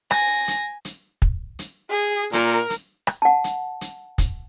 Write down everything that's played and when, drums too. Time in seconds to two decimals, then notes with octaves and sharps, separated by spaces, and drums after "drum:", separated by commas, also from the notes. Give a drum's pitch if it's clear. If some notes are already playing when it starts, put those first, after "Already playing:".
0.11 G#5 A#6, drum: rim click
0.48 drum: hi-hat
0.85 drum: hi-hat
1.22 drum: kick
1.59 drum: hi-hat
1.90 G#4
2.33 A#2 A#4, drum: hi-hat
2.70 drum: hi-hat
3.07 drum: rim click
3.22 F#5 A5
3.44 drum: hi-hat
3.81 drum: hi-hat
4.18 drum: kick, hi-hat